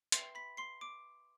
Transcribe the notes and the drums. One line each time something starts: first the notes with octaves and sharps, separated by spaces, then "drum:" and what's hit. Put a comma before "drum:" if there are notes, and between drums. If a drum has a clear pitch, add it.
B4 E5 G5 C6 C7, drum: hi-hat
B5 B6
C6 C7
D6 D7